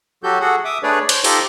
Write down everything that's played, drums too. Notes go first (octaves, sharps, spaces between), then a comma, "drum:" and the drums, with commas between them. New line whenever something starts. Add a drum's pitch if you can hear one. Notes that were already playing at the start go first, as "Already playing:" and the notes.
F#3 F#4 G4 A4 G6
F#4 G#4 A4 F#5
E5 D6 D#6
A3 D4 G#4 B4 C#5 D5
C5 C#5, drum: cymbal
D#4 F4 G4 A4 C5 D#5, drum: open hi-hat